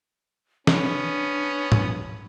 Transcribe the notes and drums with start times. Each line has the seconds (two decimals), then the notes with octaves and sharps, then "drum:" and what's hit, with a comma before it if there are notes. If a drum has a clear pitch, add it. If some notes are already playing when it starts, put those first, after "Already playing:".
0.67 B3 C#4 D4, drum: snare
1.72 drum: tom G#2